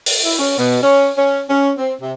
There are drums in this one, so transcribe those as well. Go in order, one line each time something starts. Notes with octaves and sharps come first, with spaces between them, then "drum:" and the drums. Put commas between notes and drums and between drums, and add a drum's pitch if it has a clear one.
drum: open hi-hat
E4
C#4
B2
C#4
C#4
C#4
C4
C3